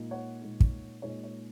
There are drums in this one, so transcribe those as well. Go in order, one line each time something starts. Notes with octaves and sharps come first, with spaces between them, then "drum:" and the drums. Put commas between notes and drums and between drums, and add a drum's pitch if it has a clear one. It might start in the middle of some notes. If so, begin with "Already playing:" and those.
Already playing: A#2 G#3 D#4
C#5 F#5
A#2 G#3 D#4
drum: kick
A#2 G#3 D#4 C#5
C#5